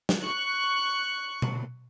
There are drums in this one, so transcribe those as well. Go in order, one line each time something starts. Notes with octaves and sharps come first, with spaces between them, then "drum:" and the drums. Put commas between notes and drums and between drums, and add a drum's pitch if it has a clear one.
drum: snare
C#6 F#6
drum: tom B2